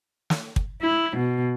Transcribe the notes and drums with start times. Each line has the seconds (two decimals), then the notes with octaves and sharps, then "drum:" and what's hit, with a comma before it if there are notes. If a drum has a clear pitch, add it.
0.30 drum: snare
0.56 drum: kick
0.82 E4
1.17 B2